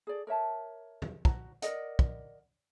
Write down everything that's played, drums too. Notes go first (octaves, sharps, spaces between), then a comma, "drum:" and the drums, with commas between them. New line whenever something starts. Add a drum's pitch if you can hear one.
G#4 D5
A#4 C#5 E5 A5
drum: tom E2
F#4 A#5, drum: kick
A#4 D5 D#5 F#5, drum: hi-hat
drum: kick